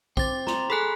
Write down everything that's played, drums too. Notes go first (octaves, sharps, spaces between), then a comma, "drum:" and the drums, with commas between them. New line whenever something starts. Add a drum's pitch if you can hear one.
C4 D6 A6, drum: kick A#1
A#5 C6 F7, drum: snare
G#4 A4 G#5 B5 F#6